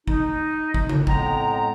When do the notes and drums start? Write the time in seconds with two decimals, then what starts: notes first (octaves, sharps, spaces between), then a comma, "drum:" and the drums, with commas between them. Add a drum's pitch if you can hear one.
0.08 D#4, drum: kick
0.74 drum: kick
0.89 drum: tom C#3
1.07 F2 A2 G#3 B3 G5 A#5, drum: kick